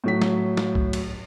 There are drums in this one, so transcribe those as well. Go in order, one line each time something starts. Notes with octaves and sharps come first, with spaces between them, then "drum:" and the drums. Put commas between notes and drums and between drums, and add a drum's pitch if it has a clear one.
A2 F#3 B6
drum: snare
drum: snare
drum: kick C2
drum: cymbal